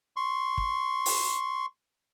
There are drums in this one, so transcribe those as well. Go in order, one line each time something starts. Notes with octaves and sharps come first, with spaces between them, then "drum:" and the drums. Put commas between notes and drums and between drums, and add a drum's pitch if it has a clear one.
C6 C#6
drum: kick
drum: open hi-hat